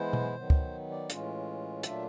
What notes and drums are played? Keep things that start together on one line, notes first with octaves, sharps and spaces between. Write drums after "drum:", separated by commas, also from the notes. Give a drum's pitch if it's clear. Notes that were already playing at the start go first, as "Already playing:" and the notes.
Already playing: E3 G#3 B3 E4 C5
drum: tom B2
D#3 F#3 B3
drum: kick C#2
D5
A2 E3 G#3 C#4 F4, drum: hi-hat
A#2 F#3 A3 D4 F4 E5, drum: hi-hat